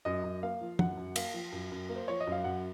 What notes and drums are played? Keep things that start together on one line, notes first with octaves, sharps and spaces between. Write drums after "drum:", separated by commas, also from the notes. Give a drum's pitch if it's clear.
F#2 D#5
F#2
A#3 F5
F3
F#2 F#5, drum: tom
F#2
A#3 F5, drum: cymbal
F3
F#2
F#2
A#3
C5
F3 C#5
D#5
F#2 F5
F#2 F#5